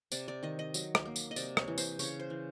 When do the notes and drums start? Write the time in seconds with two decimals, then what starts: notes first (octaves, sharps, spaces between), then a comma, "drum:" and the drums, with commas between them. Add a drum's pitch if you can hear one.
0.12 C3 D5, drum: tambourine
0.28 D5
0.43 D#3 D#5
0.59 D#5
0.74 F#3, drum: tambourine
0.95 drum: rim click
1.05 A#3
1.16 drum: tambourine
1.31 D#5
1.36 C3 D5, drum: tambourine
1.57 C#5, drum: rim click
1.68 E3
1.78 C5, drum: tambourine
1.99 C#3 C#5, drum: tambourine
2.20 C5
2.30 E3